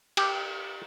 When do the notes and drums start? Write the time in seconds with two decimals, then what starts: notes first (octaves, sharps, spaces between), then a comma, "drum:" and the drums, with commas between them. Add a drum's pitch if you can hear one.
0.17 G4, drum: cymbal